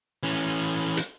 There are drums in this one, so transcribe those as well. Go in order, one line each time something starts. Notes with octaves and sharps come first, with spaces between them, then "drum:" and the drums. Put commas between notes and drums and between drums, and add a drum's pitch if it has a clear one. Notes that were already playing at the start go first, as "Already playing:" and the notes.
E3 C#4
drum: hi-hat